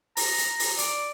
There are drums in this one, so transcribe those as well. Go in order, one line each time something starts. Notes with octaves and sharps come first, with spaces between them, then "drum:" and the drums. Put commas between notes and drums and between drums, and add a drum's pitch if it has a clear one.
A#5, drum: open hi-hat
drum: hi-hat
drum: open hi-hat
D5, drum: hi-hat